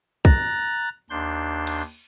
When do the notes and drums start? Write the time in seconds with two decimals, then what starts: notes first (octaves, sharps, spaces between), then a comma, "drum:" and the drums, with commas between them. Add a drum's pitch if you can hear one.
0.25 A#5 F#6 A6 A#6, drum: kick
1.10 D#2 D4 C6 G6
1.67 drum: cymbal